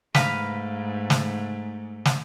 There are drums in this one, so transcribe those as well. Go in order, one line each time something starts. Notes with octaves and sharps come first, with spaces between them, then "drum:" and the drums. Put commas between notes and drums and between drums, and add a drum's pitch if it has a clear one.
G#2 A3 B4 F5 A#5, drum: snare
drum: snare
drum: snare